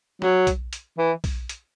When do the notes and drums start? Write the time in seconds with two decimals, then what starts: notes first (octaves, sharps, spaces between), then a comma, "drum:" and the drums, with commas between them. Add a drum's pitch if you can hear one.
0.22 F#3, drum: snare
0.47 drum: kick B1, hi-hat
0.73 drum: hi-hat
0.98 E3
1.24 drum: kick B1, open hi-hat
1.49 drum: hi-hat